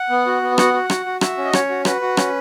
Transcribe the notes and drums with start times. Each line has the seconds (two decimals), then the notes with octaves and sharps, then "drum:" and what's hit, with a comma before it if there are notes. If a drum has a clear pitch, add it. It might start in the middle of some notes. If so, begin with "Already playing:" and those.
Already playing: F#5
0.10 B3
0.26 F#4
0.42 B3
0.58 F#4 F#5, drum: rim click
0.74 F#4
0.90 F#4, drum: rim click
1.06 F#4
1.21 F#4 E5, drum: rim click
1.38 C#4
1.45 D#5
1.53 C#4 C#5, drum: rim click
1.69 F#4
1.85 F#4 B4, drum: rim click
2.01 F#4
2.17 C#4, drum: rim click